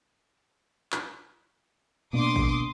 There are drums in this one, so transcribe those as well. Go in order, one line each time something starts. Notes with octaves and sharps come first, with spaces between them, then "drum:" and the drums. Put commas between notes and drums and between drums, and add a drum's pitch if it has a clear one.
drum: clap
B2 A#3 D4 C6 D6 D#6
drum: kick